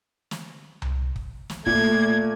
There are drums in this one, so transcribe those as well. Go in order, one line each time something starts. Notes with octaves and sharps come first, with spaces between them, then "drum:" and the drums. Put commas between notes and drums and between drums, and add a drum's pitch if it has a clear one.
drum: snare
drum: tom C2
drum: kick
drum: snare
A#2 A3 G#6, drum: kick